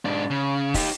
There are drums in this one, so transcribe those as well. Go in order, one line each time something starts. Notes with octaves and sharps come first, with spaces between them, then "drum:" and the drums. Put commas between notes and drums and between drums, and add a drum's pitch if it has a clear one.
G#2 D4
C#3
D#4 G4, drum: kick, open hi-hat